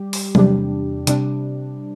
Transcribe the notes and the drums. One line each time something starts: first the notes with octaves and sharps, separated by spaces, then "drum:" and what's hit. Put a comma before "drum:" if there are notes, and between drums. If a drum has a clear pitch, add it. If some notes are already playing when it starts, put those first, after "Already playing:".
Already playing: G3 G4
drum: open hi-hat
E2 C3 G3 D4 G4, drum: tom F#3
C3 G3 D4, drum: hi-hat